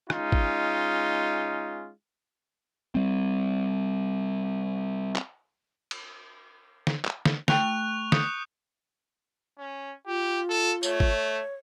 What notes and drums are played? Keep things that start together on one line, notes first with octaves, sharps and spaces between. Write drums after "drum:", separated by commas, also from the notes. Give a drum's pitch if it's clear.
G#3 C#4 D#4 F4, drum: rim click
drum: kick G#1
G3 C4
drum: clap
drum: cymbal
drum: snare
drum: clap
drum: snare
A3 G5 C#6 F#6 F7, drum: snare
D#6 G6 C#7, drum: snare
C#4
F4 G4
A4
A3 C#5, drum: tambourine
drum: kick G#1